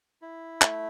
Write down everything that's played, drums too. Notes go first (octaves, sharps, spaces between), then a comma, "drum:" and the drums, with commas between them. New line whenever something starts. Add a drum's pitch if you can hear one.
E4
A3, drum: clap